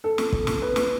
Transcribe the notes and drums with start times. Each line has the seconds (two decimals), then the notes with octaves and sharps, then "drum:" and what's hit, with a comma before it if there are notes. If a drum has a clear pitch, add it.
0.04 A4
0.18 drum: snare
0.33 drum: kick
0.47 drum: snare
0.62 B4
0.76 drum: snare